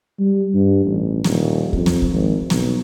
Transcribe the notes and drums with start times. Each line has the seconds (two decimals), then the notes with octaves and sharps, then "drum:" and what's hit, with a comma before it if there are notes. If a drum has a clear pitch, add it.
0.19 G3
0.54 G2
0.86 A1
1.24 D#1, drum: snare
1.73 F2, drum: kick
1.86 drum: snare
2.02 drum: kick
2.11 G#1
2.50 B1, drum: snare